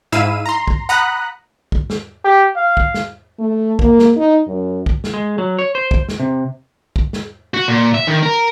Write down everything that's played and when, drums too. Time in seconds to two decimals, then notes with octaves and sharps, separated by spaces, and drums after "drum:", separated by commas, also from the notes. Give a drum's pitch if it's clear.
0.12 G#2 E4 F5 E6 D#7
0.46 A#5 C6
0.68 drum: kick
0.89 F#5 A#5 B5 D#6 F#6
1.72 drum: kick
1.90 drum: snare
2.25 G4
2.56 F5
2.77 drum: kick
2.94 drum: snare
3.39 A3
3.79 A#3, drum: kick
3.99 drum: snare
4.17 D#4
4.47 F#2
4.86 drum: kick
5.04 drum: snare
5.14 G#3
5.38 F#3
5.59 C#5
5.75 C5
5.91 drum: kick
6.09 drum: snare
6.20 C3
6.96 drum: kick
7.13 drum: snare
7.54 F#4
7.68 A#2
7.94 E5
8.07 D#3
8.23 A#4